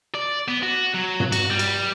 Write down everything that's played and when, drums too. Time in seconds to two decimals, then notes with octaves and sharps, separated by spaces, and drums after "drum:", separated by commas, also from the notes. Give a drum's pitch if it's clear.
0.15 D5
0.48 B3
0.63 F#4
0.94 F#3
1.20 drum: tom
1.32 F#4, drum: cymbal
1.50 G3
1.59 drum: cymbal